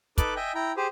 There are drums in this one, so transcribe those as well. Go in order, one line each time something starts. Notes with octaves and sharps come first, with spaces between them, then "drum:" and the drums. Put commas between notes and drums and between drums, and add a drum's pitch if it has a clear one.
D#4 A4 B4 D6 F#6, drum: kick, hi-hat
D#5 E5 G5 G#5
E4 G5 A#5
G4 G#4 C5